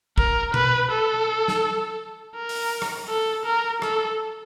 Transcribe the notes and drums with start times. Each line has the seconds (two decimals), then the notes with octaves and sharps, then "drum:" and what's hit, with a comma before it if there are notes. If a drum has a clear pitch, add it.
0.18 A#4, drum: kick
0.54 B4, drum: tom B2
0.91 A4
1.48 drum: snare
2.36 A#4
2.49 drum: open hi-hat
2.82 drum: rim click
3.08 A4
3.45 A#4
3.82 A4, drum: rim click